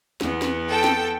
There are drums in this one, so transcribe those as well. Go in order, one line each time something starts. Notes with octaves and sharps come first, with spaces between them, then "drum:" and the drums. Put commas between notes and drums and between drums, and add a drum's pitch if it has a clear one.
E2 B3, drum: snare
drum: snare
A4 G5
drum: snare